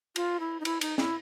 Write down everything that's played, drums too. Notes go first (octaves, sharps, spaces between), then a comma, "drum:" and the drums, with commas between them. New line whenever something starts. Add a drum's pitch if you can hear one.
F4, drum: cymbal
E4
D#4
E4, drum: cymbal
D#4, drum: cymbal
E4, drum: snare